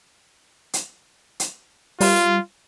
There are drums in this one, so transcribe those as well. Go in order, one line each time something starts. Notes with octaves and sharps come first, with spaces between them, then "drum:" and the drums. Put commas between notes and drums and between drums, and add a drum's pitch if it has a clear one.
drum: hi-hat
drum: hi-hat
G3 F4, drum: open hi-hat